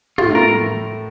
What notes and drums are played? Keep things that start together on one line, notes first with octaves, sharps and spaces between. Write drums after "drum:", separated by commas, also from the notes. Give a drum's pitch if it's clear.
A2 A3 F4, drum: tom
A2 A3
A#4